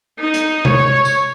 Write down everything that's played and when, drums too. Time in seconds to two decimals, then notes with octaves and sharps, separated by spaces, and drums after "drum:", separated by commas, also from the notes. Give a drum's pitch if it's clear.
0.19 D#4
0.34 drum: hi-hat
0.65 C#5, drum: tom C3
1.05 drum: tambourine